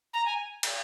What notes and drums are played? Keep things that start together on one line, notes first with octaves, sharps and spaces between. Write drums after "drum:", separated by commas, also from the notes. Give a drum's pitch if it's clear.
A#5
G#5
drum: cymbal